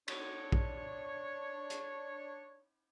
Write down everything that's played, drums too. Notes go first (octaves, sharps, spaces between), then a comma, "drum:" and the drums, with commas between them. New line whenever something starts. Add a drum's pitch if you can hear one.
D4 C#5, drum: cymbal
drum: kick A#1
drum: hi-hat